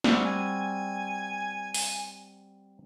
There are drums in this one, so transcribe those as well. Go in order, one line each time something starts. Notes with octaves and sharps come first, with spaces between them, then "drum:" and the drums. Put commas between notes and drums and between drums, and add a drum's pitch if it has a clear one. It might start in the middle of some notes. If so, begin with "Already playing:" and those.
G3 C4 F#4, drum: snare
G#5
drum: open hi-hat